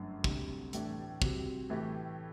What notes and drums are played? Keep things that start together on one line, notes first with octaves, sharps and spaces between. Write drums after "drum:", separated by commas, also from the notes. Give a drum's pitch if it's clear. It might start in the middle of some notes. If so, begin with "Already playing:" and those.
Already playing: G1 F#2 D3 A3 D4
D2 C3 G3 D4, drum: kick
A2 E3 A3 D4 G4, drum: hi-hat
C3 G3 C4 F#4, drum: kick
A2 E3 A3 E4 G4